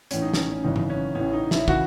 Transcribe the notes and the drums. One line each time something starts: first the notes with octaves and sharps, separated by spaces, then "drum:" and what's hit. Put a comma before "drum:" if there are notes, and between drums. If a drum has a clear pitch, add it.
A1 A2 E3 C#4, drum: hi-hat
D#4
C#4, drum: snare
C#4
G#1 F#2 C#3 E3 D#4
drum: tom G#2
C#4
A1 A2 E3 C#4
D#4
E4, drum: snare
C#3 E3 F#4, drum: kick